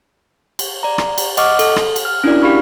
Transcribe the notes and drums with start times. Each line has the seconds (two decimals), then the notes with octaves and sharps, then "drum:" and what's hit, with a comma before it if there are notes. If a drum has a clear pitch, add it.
0.59 drum: cymbal
0.83 D5 A#5
0.98 drum: rim click
1.18 drum: cymbal
1.37 D#5 F#5 C#6 D6 F6, drum: cymbal
1.59 A4, drum: cymbal
1.76 drum: rim click
1.96 drum: cymbal
2.05 F6
2.24 C#4 D4 E4 F#4 A#4 D5
2.42 G4 F5 B5 C#6 F6